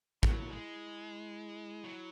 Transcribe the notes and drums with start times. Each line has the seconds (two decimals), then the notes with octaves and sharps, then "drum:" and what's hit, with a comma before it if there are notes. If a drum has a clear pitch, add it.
0.23 F#3 E4, drum: kick
0.50 G#3
1.85 F#3